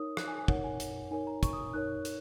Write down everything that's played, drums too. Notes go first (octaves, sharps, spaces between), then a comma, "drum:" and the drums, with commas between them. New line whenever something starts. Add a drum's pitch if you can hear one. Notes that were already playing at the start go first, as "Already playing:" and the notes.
Already playing: D#4 A#4 C#5 D#6
F#6, drum: rim click
G#5
G#5
D#4 A#4 C#5 F#5, drum: kick
G#5
drum: hi-hat
D#4 A#4 C#5 G#5
A#5
C#6, drum: kick, hi-hat
D#6
D#4 A#4 C#5 F#6
drum: hi-hat